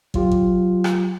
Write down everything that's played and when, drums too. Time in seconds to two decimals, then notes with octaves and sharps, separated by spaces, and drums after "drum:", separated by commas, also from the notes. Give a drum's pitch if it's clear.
0.14 F#3 F4 G4, drum: kick
0.32 drum: kick
0.84 drum: rim click